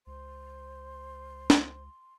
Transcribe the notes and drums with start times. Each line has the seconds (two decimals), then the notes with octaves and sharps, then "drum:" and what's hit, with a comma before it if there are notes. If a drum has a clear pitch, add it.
0.07 C#2 C5 C6
1.50 drum: snare